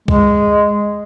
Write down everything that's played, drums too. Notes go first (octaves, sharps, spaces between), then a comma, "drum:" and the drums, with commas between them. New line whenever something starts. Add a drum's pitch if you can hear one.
G#3, drum: kick